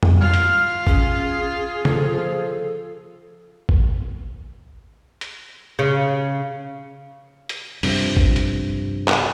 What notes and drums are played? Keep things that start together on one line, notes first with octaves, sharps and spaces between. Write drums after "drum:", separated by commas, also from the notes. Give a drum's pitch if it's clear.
drum: tom F2
F4 F6
drum: hi-hat
C#4 G#4, drum: kick
F3 A4, drum: tom C#3
drum: kick
drum: hi-hat
C#3
drum: hi-hat
G2 C3 F3, drum: open hi-hat
drum: kick
drum: hi-hat
drum: clap